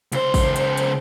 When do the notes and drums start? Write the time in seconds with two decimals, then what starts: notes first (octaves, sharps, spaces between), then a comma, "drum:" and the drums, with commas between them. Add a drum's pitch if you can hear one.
0.12 C#2 C5, drum: hi-hat
0.34 drum: kick A1, open hi-hat
0.56 drum: hi-hat
0.77 drum: hi-hat